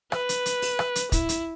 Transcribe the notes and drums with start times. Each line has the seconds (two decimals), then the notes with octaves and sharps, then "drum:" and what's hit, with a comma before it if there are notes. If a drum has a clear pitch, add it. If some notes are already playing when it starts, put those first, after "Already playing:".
0.12 B4, drum: rim click
0.29 drum: hi-hat
0.46 drum: hi-hat
0.62 drum: open hi-hat
0.79 drum: rim click
0.95 drum: hi-hat
1.12 E4, drum: kick, hi-hat
1.29 drum: hi-hat